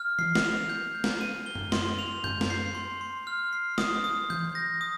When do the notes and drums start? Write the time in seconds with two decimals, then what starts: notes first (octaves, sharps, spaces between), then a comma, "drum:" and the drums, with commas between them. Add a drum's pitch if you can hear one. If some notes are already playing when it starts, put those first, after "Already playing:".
Already playing: F6
0.19 C7, drum: tom E3
0.35 drum: snare
0.45 F7
0.69 G6
0.95 G6
1.04 drum: snare
1.21 D#7
1.46 G7
1.55 drum: tom F#2
1.72 C6, drum: snare
1.99 F7
2.24 G6, drum: tom F#2
2.41 drum: snare
2.50 C7
2.75 C6
3.01 C6
3.27 F6
3.53 C7
3.78 D#6, drum: snare
4.04 D#6
4.30 G6, drum: tom E3
4.55 A#6
4.81 D#6